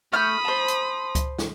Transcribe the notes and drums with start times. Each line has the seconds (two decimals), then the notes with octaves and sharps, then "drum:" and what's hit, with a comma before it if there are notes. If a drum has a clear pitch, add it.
0.13 A3 B5 D#6 F6 G6
0.45 C5 A5
0.68 drum: hi-hat
1.15 drum: kick C#2, hi-hat
1.39 drum: snare